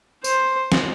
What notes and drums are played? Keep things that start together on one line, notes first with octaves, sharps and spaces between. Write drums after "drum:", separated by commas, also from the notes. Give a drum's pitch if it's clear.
C5, drum: tambourine
drum: snare